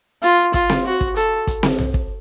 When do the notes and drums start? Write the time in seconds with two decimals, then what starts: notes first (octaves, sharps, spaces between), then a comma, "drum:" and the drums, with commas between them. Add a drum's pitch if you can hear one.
0.23 F4, drum: hi-hat
0.54 F4, drum: kick, hi-hat
0.70 drum: snare C4
0.86 F#4
1.01 drum: kick
1.17 A4, drum: hi-hat
1.47 drum: kick, hi-hat
1.63 drum: snare C4
1.78 drum: tom B1
1.94 drum: kick